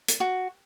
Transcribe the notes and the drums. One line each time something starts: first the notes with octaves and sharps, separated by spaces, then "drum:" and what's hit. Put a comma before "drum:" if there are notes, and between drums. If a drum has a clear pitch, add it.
drum: hi-hat
F#4